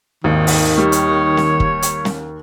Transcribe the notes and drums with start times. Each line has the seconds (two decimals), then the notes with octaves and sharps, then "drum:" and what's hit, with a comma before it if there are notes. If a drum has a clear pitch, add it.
0.24 G#1 D#2 D#3
0.47 drum: open hi-hat
0.78 G3 C#5
0.92 drum: hi-hat
1.37 drum: snare
1.60 drum: kick
1.82 drum: hi-hat
2.05 drum: snare